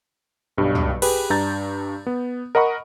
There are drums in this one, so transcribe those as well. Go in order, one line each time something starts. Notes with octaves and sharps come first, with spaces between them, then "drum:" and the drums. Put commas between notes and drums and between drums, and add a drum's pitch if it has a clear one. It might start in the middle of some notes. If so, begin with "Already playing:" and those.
B1 G2 G3
drum: tom
G4 G#4 B4, drum: cymbal
G2 D4 A#5 G6 A6
B3
A#4 D#5 F#5 B5 C#6